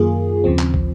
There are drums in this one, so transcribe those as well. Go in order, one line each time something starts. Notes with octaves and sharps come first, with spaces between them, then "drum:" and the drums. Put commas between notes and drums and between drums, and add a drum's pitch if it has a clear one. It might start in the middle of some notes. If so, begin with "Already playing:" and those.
Already playing: F#2 D#3 A#3 F4 G#4
D#2 C#3 F3 C4
drum: clap
drum: kick